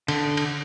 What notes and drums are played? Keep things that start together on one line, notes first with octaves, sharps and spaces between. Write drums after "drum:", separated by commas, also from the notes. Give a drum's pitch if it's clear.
D3, drum: cymbal
drum: cymbal